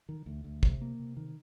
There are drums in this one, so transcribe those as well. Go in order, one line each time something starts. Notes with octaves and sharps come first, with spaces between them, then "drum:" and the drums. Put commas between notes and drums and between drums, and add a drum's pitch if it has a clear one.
D#3
D2
D2
C3, drum: kick
A#3
C3
D#3